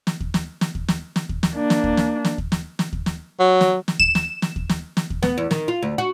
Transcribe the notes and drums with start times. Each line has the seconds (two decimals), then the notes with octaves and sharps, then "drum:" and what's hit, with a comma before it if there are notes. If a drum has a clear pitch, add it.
0.07 drum: snare
0.20 drum: kick D#2
0.34 drum: snare
0.61 drum: snare
0.75 drum: kick D#2
0.88 drum: snare
1.16 drum: snare
1.29 drum: kick D#2
1.43 drum: snare
1.52 A#3 D4
1.70 drum: snare
1.84 drum: kick D#2
1.97 drum: snare
2.25 drum: snare
2.38 drum: kick D#2
2.52 drum: snare
2.79 drum: snare
2.93 drum: kick D#2
3.06 drum: snare
3.40 F#3
3.61 drum: snare
3.88 drum: snare
4.00 E7, drum: kick D#2
4.15 drum: snare
4.42 drum: snare
4.56 drum: kick D#2
4.70 drum: snare
4.97 drum: snare
5.10 drum: kick D#2
5.23 B3, drum: snare
5.38 E2
5.51 D#3, drum: snare
5.68 F4
5.82 D2
5.98 F#4